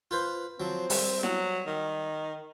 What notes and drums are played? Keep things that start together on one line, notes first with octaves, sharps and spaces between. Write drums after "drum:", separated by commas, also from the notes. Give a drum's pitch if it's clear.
F4 B4 C5
F3 F#3 C4
G3, drum: open hi-hat
F#3, drum: snare E4
D#3